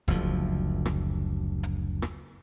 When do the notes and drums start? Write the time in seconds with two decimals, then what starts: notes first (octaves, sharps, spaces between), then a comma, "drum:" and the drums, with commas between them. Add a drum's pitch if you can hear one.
0.08 F#1 D2 F3, drum: kick E1, hi-hat
0.85 drum: rim click
1.63 drum: hi-hat
2.02 drum: rim click